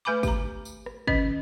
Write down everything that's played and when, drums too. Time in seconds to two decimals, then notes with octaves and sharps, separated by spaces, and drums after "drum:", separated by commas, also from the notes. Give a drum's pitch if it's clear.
0.05 A3 B4 G#5 B5 D6
0.23 G4 A#5, drum: kick, tambourine
0.65 drum: tambourine
0.86 drum: rim click
1.07 D#3 C#4 D#5, drum: kick